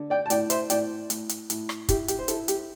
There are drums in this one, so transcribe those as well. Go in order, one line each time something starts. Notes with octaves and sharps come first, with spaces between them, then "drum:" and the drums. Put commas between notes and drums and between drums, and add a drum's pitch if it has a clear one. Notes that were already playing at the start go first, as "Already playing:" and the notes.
Already playing: D3
D5 G5
A5
A2 D5 G5, drum: hi-hat
C5 E5, drum: hi-hat
A2 D5 G5, drum: hi-hat
A2, drum: hi-hat
drum: hi-hat
A2, drum: hi-hat
drum: rim click
E4 G4, drum: kick, hi-hat
G4, drum: hi-hat
C5
E4 A4, drum: hi-hat
G4, drum: hi-hat